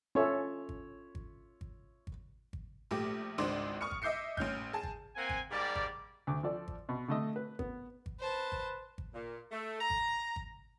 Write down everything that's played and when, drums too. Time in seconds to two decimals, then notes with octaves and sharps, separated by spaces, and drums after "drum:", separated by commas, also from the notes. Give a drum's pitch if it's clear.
0.15 C#4 F4 A4 C#5 E5
0.69 drum: kick G#1
1.15 drum: kick G#1
1.61 drum: kick G#1
2.07 drum: kick G#1
2.53 drum: kick G#1
2.91 A#1 A3 G4 D6
3.38 G#1 C#2 G#3 D4 C5 D5
3.81 C#6 D#6 F6 C#7
3.91 drum: kick G#1
4.02 D#5 E5 D6 G6 C7 C#7
4.37 A1 C#4 F6 G6, drum: kick G#1
4.73 G#4 A5
4.83 drum: kick G#1
5.15 A#3 C4 F#5 G#5
5.29 drum: kick G#1
5.50 G#2 G3 A#3 G4 D5
5.75 drum: kick G#1
6.27 D2 D6
6.43 F3 A4 D5
6.68 drum: kick G#1
6.89 B2
7.08 D3 A3 D#5
7.36 B4
7.59 B3, drum: kick G#1
8.06 drum: kick G#1
8.20 B4 C5 A5
8.52 drum: kick G#1
8.98 drum: kick G#1
9.14 A#2
9.51 A3
9.81 A#5
9.90 drum: kick G#1
10.36 drum: kick G#1